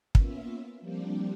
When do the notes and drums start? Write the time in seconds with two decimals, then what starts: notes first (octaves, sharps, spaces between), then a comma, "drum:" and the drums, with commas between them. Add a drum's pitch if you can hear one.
0.15 A#3 B3 C#4 F4 E5, drum: kick
0.81 F3 G3 A#3 C4 D4 G4